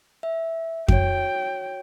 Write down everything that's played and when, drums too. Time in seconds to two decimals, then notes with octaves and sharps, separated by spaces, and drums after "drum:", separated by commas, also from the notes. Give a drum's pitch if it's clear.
0.23 E5
0.88 F#4 C#5 G5, drum: kick F2